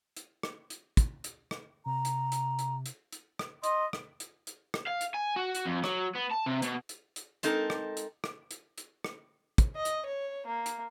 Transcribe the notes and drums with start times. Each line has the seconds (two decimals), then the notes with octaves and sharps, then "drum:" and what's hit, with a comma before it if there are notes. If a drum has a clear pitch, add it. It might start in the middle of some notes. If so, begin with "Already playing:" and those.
0.17 drum: hi-hat
0.43 drum: rim click
0.70 drum: hi-hat
0.97 drum: kick, hi-hat
1.24 drum: hi-hat
1.51 drum: rim click
1.86 C3 A#5
2.05 drum: hi-hat
2.32 drum: hi-hat
2.59 drum: hi-hat
2.86 drum: hi-hat
3.13 drum: hi-hat
3.39 drum: rim click
3.64 D#5 C6, drum: hi-hat
3.93 drum: rim click
4.20 drum: hi-hat
4.47 drum: hi-hat
4.74 drum: rim click
4.87 F5
5.01 drum: hi-hat
5.14 G#5
5.36 F#4
5.55 drum: hi-hat
5.66 F2
5.84 F#3, drum: rim click
6.15 B3
6.32 A5
6.46 C3
6.62 B2, drum: hi-hat
6.89 drum: hi-hat
7.16 drum: hi-hat
7.43 G#3 C4 D#4 A4 A#4, drum: hi-hat
7.70 drum: rim click
7.97 drum: hi-hat
8.24 drum: rim click
8.51 drum: hi-hat
8.78 drum: hi-hat
9.04 drum: rim click
9.58 drum: kick, hi-hat
9.76 D#5
9.85 drum: hi-hat
10.05 C#5
10.46 A#3
10.66 drum: hi-hat